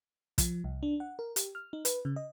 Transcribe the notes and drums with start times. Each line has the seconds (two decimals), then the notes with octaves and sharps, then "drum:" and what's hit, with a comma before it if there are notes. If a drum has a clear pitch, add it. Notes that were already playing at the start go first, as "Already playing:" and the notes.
0.38 F3, drum: kick, hi-hat
0.64 C2
0.83 D4
1.00 F#5
1.19 A#4
1.36 G4, drum: hi-hat
1.55 F6
1.73 D#4
1.85 B4, drum: hi-hat
2.05 C#3
2.16 D#5